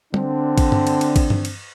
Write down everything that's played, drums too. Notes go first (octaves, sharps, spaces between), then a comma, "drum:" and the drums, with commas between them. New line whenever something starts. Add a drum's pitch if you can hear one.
D3 C4 D4, drum: tom
drum: kick A1, cymbal
drum: tom G2
drum: cymbal
drum: cymbal
drum: kick A1, cymbal
drum: tom G2
drum: cymbal